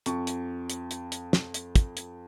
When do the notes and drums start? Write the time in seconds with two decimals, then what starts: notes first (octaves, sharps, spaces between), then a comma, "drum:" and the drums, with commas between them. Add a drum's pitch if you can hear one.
0.06 F2 C#6, drum: hi-hat
0.27 drum: hi-hat
0.70 drum: hi-hat
0.91 drum: hi-hat
1.12 drum: hi-hat
1.33 drum: snare
1.54 drum: hi-hat
1.76 drum: kick, hi-hat
1.97 drum: hi-hat